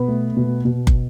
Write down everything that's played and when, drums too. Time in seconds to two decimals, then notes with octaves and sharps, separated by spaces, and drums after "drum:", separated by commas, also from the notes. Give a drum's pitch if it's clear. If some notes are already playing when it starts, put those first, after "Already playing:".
Already playing: B2 B3
0.08 A3
0.37 B2
0.65 B2
0.87 drum: kick